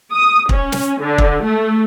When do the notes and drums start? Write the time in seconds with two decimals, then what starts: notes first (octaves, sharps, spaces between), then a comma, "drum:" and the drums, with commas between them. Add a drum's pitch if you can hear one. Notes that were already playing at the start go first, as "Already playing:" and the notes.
0.12 D#6
0.49 C#4, drum: kick
0.72 drum: snare
1.00 D3
1.18 drum: kick
1.42 A3